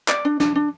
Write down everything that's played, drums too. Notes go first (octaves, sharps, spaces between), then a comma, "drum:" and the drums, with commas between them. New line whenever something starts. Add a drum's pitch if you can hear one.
D5, drum: clap
D4
D4, drum: snare
D4